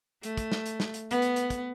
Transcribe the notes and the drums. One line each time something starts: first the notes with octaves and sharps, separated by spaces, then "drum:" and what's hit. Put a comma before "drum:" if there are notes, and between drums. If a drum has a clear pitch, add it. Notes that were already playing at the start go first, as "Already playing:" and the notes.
A3, drum: hi-hat
drum: kick, hi-hat
drum: snare
drum: hi-hat
drum: snare
drum: hi-hat
B3, drum: hi-hat
drum: hi-hat
drum: hi-hat
drum: kick, hi-hat